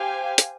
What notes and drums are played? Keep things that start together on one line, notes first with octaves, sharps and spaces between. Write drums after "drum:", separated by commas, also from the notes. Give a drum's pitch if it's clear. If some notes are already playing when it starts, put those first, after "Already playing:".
Already playing: G4 C5 F5 G#5
drum: hi-hat